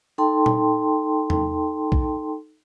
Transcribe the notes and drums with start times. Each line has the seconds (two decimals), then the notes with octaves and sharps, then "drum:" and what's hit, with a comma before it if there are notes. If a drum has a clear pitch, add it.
0.18 D#4 A4 G5 A5 C6
0.46 drum: tom A#2
1.30 drum: tom
1.92 drum: kick B1